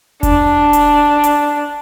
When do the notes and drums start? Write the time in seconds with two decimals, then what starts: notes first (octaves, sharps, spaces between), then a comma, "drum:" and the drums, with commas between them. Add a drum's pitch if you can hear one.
0.23 D4, drum: kick F1, hi-hat
0.73 drum: hi-hat
1.24 drum: hi-hat